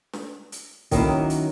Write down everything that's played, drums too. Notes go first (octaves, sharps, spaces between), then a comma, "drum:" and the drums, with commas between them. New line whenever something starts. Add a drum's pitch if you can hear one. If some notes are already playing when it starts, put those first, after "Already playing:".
drum: snare
drum: hi-hat
D#3 F#3 A#3 C#4 E4, drum: kick B1, hi-hat
drum: hi-hat